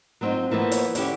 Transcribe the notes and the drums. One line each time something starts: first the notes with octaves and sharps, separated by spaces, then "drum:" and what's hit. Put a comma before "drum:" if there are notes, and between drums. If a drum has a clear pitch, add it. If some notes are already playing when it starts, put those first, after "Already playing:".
F#3 B3 C4 D4 D#4 F4
E3 F3 A#3 B3
drum: hi-hat
D3 C#4 E4 G4, drum: hi-hat